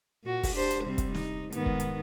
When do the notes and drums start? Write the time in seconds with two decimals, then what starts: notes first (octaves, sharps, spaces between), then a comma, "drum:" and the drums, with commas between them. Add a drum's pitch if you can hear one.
0.24 A#2 F#4
0.43 drum: kick, open hi-hat
0.54 D4 G4 C5
0.71 drum: hi-hat
0.84 C3 G3 C4
0.98 drum: kick, hi-hat
1.15 D#4, drum: snare
1.52 G#2 D#3 B3, drum: hi-hat
1.66 drum: kick
1.80 drum: hi-hat